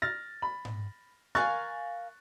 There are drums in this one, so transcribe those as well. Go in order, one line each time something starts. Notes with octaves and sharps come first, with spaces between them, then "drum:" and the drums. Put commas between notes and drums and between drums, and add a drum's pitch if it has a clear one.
F6 A6 A#6
B5
drum: tom G#2
A#4 F5 G#5 C#6 F#6 A6